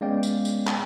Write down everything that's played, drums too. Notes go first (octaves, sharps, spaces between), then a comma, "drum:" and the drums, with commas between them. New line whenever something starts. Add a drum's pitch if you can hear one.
G#3 B3 C#4 D5 F5 G5
drum: tambourine
drum: tambourine
drum: clap